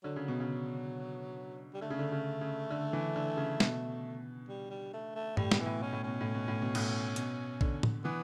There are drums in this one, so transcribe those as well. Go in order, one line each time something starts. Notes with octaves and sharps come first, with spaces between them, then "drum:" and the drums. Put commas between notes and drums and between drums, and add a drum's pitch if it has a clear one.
D3 F#3
C#3
B2
C#3
G3
D3 A3
C#3
D3
C#3
C#3
D3
E3
D3
C#3
B2, drum: snare
G3
G3
A3
A3
A2 G3, drum: tom G2
B2, drum: snare
E3
A2
B2 C#4
A2
B2 C#4
A2
B2
A2
B2
A2, drum: cymbal
B2, drum: hi-hat
D3, drum: kick A#1
drum: tom A2
E3 B3